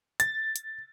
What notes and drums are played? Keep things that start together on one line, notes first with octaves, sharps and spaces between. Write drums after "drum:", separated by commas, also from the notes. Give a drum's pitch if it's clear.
A6, drum: hi-hat
drum: hi-hat